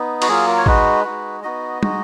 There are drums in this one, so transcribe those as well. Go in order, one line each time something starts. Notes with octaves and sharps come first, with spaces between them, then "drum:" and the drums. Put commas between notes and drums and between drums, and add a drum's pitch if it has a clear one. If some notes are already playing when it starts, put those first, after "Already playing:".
Already playing: B3 D#4
F#4, drum: cymbal
F#3 A#3 F4 G#4
A#4
C#5
G#3 D#4 F#4 B4, drum: kick
G#3 D#4 F#4
B3 D#4 F#4 D#5
G#3 D#4 F#4, drum: tom